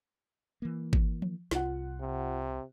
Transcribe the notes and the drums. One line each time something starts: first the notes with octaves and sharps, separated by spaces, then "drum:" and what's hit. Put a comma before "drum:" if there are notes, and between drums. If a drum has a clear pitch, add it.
E3 A#3
drum: kick G#1
drum: tom F3
C2 F4 F#5, drum: snare
C3